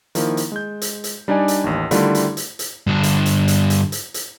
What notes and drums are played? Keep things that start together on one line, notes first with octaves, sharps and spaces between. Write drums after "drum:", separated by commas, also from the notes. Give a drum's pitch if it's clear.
D#3 F3 A#3 E4, drum: hi-hat
drum: hi-hat
G#3 G6
drum: hi-hat
drum: hi-hat
G3 D4 D#4 D5 G#5
drum: hi-hat
A1 D#2
D3 D#3 G3 A3 E4 F4, drum: hi-hat
drum: hi-hat
drum: hi-hat
drum: hi-hat
G2 D3
drum: hi-hat
drum: hi-hat
drum: hi-hat
drum: hi-hat
drum: hi-hat
drum: hi-hat